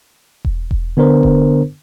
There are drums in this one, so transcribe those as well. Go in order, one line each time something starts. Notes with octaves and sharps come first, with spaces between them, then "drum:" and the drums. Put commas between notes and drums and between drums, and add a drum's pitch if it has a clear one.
drum: kick E1
drum: kick E1
D3 B3 D4 A#4 C5
drum: kick E1